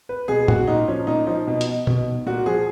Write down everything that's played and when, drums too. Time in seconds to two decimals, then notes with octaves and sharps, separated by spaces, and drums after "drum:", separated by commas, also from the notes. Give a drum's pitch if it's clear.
0.09 B4
0.28 B2 G#4
0.48 F#4, drum: tom
0.67 A#2 D#4
0.88 F3 C#4
1.07 A#2 D#4
1.27 F3 D#4
1.47 B2
1.61 drum: hi-hat
1.87 B2, drum: tom
2.26 A#2 F#4
2.46 F3 G#4